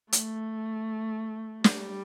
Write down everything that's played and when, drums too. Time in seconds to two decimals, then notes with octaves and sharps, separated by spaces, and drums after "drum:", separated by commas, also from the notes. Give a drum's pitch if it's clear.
0.13 A3, drum: hi-hat
1.64 G3, drum: snare